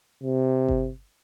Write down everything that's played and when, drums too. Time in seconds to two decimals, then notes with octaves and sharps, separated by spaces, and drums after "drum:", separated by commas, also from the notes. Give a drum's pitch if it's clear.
0.23 C3
0.68 drum: kick G1